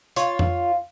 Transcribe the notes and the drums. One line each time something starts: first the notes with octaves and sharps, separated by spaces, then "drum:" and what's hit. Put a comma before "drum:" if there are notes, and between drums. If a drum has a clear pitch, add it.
F4 C#5, drum: hi-hat
drum: tom F2